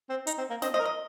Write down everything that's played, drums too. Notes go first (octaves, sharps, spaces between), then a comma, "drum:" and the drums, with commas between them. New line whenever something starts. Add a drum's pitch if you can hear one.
C4
D#4, drum: hi-hat
C4
A#3
C4 D#5, drum: snare
C5 D#5
A#4
D#5